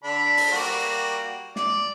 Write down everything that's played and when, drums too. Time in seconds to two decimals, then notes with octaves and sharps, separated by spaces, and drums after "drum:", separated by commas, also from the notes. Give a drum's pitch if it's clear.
0.04 D3 D4 B5
0.37 drum: open hi-hat
0.52 G3 A#3 F#4
1.56 D5, drum: snare